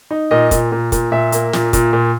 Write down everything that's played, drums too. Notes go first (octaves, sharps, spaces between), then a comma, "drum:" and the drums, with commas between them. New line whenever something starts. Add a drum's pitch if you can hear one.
D#4
A#2 D#5
A#2, drum: kick, hi-hat
A#2
A#2, drum: kick, hi-hat
A#2 E5
A#3, drum: hi-hat
A#2, drum: snare
A#2, drum: kick, hi-hat
A#2